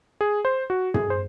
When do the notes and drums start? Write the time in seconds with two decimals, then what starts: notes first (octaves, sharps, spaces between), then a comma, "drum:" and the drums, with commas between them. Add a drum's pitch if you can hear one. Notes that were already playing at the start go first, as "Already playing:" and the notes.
0.21 G#4
0.45 C5
0.70 F#4
0.94 G#4, drum: tom
1.10 C5